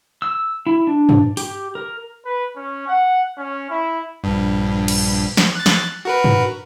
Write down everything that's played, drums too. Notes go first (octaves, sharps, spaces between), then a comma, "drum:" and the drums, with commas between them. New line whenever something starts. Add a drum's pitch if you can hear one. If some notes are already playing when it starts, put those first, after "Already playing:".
E6
E4
D4
drum: tom G2
G4, drum: open hi-hat
A#4
B4
C#4
F#5
C#4
E4
A#1 G2
drum: cymbal
drum: snare
F#6 A6
drum: snare
F#4 A#4 B4
drum: tom G2